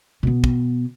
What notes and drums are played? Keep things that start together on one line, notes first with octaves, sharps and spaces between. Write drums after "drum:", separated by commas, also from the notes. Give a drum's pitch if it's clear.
B2 B3
drum: kick